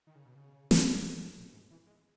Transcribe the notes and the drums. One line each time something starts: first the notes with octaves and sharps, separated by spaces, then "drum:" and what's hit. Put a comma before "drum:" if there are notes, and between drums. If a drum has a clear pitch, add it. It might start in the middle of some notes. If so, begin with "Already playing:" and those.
D#3
C#3
B2
C#3
drum: snare
A#2
G#2
E3
G#3